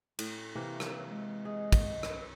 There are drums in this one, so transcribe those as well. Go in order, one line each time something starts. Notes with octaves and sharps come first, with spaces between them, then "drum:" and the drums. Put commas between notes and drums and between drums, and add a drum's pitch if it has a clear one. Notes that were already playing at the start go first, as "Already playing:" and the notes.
A2, drum: cymbal
C3 E3 A#3
drum: rim click
G#3
G#4 D#5
drum: kick, cymbal
drum: rim click